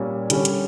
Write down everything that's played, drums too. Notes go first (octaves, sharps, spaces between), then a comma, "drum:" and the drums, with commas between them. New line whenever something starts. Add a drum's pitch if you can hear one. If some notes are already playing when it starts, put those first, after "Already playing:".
Already playing: A#2 G3 A#3 C#4
D3 G3 C#4, drum: hi-hat
drum: hi-hat